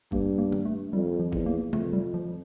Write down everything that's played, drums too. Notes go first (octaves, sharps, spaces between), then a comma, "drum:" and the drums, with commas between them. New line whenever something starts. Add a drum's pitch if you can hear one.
G2 A#3, drum: kick
A#3
drum: tom
A3
F2 G3
F3
E2, drum: kick
A#3
F2 A3, drum: tom C3
G3
F3